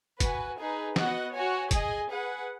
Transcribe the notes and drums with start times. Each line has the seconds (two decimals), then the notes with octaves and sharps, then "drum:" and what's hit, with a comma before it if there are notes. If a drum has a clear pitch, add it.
0.20 F#4 B4 G#5, drum: kick, hi-hat
0.58 D#4 G#4 B4
0.96 B3 F#4 D#5 F#5, drum: snare
1.34 F#4 C#5 G#5
1.71 G#4 D#5 G#5, drum: kick, hi-hat
2.10 G#4 B4 F#5